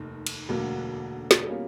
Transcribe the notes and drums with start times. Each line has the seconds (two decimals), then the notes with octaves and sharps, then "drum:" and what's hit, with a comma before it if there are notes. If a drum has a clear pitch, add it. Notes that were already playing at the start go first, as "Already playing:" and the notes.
Already playing: F1 D#2 D#3
0.27 drum: cymbal
0.49 E1 D2 D3 F#3 A#3
1.31 drum: snare
1.45 B2 G3 A#3 C#4 F4